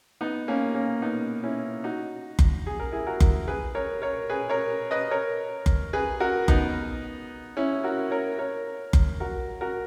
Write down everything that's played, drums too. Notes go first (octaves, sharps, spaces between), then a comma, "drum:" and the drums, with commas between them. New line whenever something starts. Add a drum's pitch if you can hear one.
B3 D#4
A#3 C#4
A#3 C#4
B3 D#4
C#4 E4
D#4 F#4
drum: kick F#1
G#4
A#4
E4 G#4
F#4 A#4
drum: kick F#1
G#4 B4
A#4 C#5
A#4 C#5
G#4 B4
A#4 C#5
B4 D#5
A#4 C#5
drum: kick F#1
G#4 B4
F#4 A#4
B3 D#4, drum: kick F#1
C#4 E4
F#4 A#4
A#4 C#5
A#4 C#5
drum: kick F#1
F#4 A#4
F#4 A#4